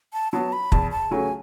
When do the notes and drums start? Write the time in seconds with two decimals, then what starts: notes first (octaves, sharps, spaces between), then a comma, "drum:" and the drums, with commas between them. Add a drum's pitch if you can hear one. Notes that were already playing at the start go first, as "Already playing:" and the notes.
0.13 A5
0.32 F#3 B3 A5
0.53 B5
0.72 E2 A5, drum: kick
0.91 A5
1.11 C#3 F#3 A3 G#5